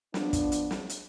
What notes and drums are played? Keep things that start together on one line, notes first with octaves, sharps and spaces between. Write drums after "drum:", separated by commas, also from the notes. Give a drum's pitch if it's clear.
F3 B3 D4, drum: snare
drum: kick, hi-hat
drum: hi-hat
drum: snare
drum: hi-hat